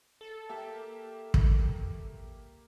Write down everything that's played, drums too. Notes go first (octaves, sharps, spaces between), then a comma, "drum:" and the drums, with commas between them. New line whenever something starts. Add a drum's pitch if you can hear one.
A4
A#3 G4 E5
drum: kick